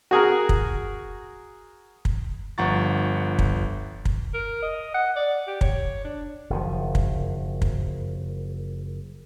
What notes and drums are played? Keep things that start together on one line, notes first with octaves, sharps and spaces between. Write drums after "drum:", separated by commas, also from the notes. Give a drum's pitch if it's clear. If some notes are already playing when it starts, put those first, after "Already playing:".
F#4 G#4 A#4
drum: kick
drum: kick
G1 F3 F#5 A#5 C#6 A6
drum: kick
drum: kick
A#4
D#5
F#5
D5
G4
C#5, drum: kick
D4
F#1 D#3 F3
drum: kick
drum: kick